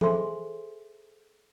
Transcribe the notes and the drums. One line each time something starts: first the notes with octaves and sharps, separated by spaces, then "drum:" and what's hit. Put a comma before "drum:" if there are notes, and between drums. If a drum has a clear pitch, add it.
G#4 A4 C5 E5 G#5 C6, drum: tom E3